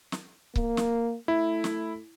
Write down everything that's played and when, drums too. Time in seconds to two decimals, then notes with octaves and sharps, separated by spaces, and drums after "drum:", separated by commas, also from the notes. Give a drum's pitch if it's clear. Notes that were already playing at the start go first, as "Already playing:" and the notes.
0.12 drum: snare
0.56 A#3, drum: kick C#1
0.77 drum: snare
1.28 A3 E4
1.64 drum: snare